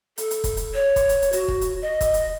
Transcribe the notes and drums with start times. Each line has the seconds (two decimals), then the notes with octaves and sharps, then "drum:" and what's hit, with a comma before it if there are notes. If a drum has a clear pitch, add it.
0.18 A4, drum: hi-hat
0.31 drum: hi-hat
0.44 drum: kick, hi-hat
0.57 drum: hi-hat
0.74 C#5
0.96 drum: kick, hi-hat
1.09 drum: hi-hat
1.22 drum: hi-hat
1.33 F#4, drum: hi-hat
1.48 drum: kick
1.61 drum: hi-hat
1.82 D#5
2.01 drum: kick, hi-hat
2.14 drum: hi-hat